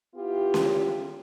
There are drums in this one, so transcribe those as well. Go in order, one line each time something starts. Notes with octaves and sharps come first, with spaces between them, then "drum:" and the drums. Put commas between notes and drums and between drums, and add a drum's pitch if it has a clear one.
B3 E4 F4 G4
drum: snare C#4